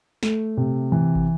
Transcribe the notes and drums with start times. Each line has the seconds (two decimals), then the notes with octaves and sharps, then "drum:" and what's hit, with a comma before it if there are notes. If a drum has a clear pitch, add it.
0.23 A3, drum: snare
0.57 C3
0.92 E3
1.15 drum: kick